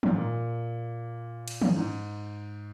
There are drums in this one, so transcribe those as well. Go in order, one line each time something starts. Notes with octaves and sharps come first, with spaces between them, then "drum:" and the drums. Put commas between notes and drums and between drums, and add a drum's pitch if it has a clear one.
G#2, drum: tom D#3
A#2
drum: cymbal
drum: tom D#3
G#2